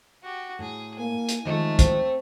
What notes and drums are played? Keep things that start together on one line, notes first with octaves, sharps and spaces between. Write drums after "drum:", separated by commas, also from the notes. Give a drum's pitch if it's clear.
F#4 G4
A2 G#4
A#3 G#5
drum: hi-hat
D#3 F3 G#3 A3 D#4
C4, drum: kick, hi-hat